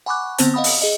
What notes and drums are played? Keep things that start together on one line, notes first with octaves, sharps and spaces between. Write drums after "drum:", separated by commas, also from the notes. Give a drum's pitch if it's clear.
F#5 G#5 B5 C#6 D6 F#6
D3 B3 C4 C5 A5, drum: hi-hat
D#5 F5 F#5 B5 D#6
drum: open hi-hat
G#4 D#5